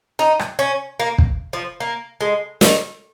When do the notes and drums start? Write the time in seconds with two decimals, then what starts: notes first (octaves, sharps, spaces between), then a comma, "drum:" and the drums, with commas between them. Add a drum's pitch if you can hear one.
0.19 D#4
0.39 drum: rim click
0.59 C#4
1.00 A#3
1.18 drum: kick
1.53 F3
1.80 A#3
2.21 G#3
2.61 D#3, drum: snare